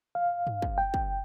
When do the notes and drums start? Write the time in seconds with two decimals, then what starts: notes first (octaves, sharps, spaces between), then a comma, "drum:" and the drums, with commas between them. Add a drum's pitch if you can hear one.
0.15 F5
0.47 drum: tom G2
0.62 drum: kick
0.78 G5
0.94 drum: kick